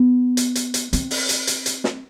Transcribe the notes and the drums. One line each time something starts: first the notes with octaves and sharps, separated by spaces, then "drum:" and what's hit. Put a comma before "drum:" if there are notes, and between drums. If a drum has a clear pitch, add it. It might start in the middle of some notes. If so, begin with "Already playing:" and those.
Already playing: B3
drum: hi-hat
drum: hi-hat
drum: hi-hat
C4, drum: hi-hat
drum: open hi-hat
drum: hi-hat
drum: hi-hat
drum: hi-hat
drum: snare